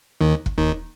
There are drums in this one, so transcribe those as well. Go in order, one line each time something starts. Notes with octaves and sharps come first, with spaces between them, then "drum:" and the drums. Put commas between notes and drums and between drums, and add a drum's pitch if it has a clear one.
D#2 D#3
drum: kick
D#2 D#3